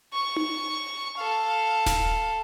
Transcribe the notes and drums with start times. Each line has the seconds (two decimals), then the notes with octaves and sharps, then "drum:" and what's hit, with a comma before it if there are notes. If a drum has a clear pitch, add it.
0.13 C#6
0.36 drum: tom D#4
1.19 A4 F5
1.86 drum: snare D#1